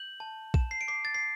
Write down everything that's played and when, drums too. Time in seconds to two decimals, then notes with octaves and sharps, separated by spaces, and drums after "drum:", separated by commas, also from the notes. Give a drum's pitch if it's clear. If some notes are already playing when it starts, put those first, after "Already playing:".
Already playing: G6 F#7
0.20 A5
0.54 A5 E7, drum: kick A#1
0.71 C7
0.81 D7
0.88 D6 C7
1.05 A6
1.15 C7